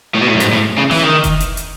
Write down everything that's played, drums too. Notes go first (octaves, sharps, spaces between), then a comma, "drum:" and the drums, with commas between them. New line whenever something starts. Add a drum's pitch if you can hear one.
A2
B2
A2
F#2
G#2, drum: hi-hat
A2
C#3
E3, drum: snare
D#3
drum: kick F1, hi-hat
drum: hi-hat
drum: hi-hat